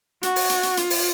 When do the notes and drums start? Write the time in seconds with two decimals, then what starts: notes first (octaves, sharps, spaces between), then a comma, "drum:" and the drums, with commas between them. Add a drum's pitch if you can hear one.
0.23 F#4, drum: hi-hat
0.36 drum: open hi-hat
0.49 drum: hi-hat
0.63 drum: hi-hat
0.77 F4, drum: hi-hat
0.90 drum: open hi-hat